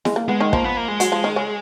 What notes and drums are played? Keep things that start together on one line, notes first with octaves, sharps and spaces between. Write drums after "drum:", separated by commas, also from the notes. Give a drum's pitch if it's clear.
G#3, drum: snare E4
A#3
G#3 B3
D#3 D#4
F3 A#3 F4, drum: kick
B3
A#3
G#3
F#3 F#4, drum: hi-hat
F3 F4
D#3 D#4
C#3 C#4